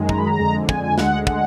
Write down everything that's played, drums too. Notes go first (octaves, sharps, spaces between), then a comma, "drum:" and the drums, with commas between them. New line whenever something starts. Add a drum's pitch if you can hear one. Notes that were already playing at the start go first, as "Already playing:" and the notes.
Already playing: F#2 D#3 G#3
A#5, drum: kick
B5
A#5
F2 D3 G#3
G#5, drum: kick
G#5
D2 D3 G#3 F#5, drum: snare
F#5, drum: kick